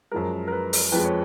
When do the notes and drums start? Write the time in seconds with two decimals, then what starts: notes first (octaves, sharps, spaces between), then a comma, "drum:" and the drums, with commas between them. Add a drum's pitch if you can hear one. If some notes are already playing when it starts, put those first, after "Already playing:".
0.11 F#2 F3 G#3 A#4
0.48 A#4
0.52 B4
0.73 drum: open hi-hat
0.92 F2 F3 G#3 B4
1.04 C#5